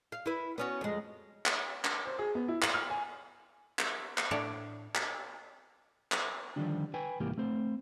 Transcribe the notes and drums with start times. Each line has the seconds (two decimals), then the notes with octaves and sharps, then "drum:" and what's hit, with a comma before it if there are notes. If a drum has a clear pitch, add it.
0.12 F5
0.26 E4 B4
0.58 B3 C#4 F#4
0.81 F2 G#3
1.46 drum: clap
1.85 drum: clap
2.06 C5
2.18 G#4
2.35 B3
2.48 E4
2.62 F#7, drum: clap
2.74 F6
2.90 G#5
3.79 drum: clap
4.18 drum: clap
4.31 A2 D4 C#5
4.95 drum: clap
6.12 drum: clap
6.56 D3 D#3 F3 G3 D4
6.94 B4 G5 G#5
7.20 C2 G#2 E3 A#3 G4
7.37 A3 C4 C5